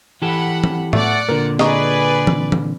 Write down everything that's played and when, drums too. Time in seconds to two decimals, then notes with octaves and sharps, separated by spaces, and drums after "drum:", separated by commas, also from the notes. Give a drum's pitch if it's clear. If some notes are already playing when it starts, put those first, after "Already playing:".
0.22 E3 G4 A4 F#5 B5
0.64 drum: tom E3
0.93 A3 D5 F#5, drum: tom A2
1.29 A#2 D3 A#4
1.59 G#4 B4 D5 D#5 A#5 C#6, drum: snare C4
2.27 drum: tom E3
2.52 drum: tom E3